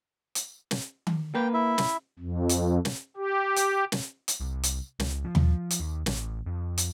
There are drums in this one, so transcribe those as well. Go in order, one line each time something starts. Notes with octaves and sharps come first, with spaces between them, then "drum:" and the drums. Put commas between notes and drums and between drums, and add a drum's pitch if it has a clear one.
drum: hi-hat
drum: snare
drum: tom D#3
A#3 B4 G5
E4 E5
drum: snare
F2
drum: hi-hat
drum: snare
G4
drum: hi-hat
drum: snare
drum: hi-hat
C2
drum: hi-hat
C#2, drum: snare
F3
drum: tom D#2
drum: hi-hat
D#2
A1, drum: snare
F2
drum: hi-hat